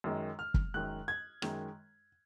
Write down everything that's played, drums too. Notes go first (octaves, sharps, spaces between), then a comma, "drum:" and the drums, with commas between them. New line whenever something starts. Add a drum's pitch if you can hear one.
F#2 D#3 G#3
F6
drum: kick
F#2 D#3 G#3 F#6
G#6
F#2 D#3 G#3, drum: rim click